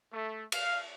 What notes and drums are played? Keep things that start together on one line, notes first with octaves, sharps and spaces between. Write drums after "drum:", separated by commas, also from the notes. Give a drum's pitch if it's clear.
A3
F5, drum: cymbal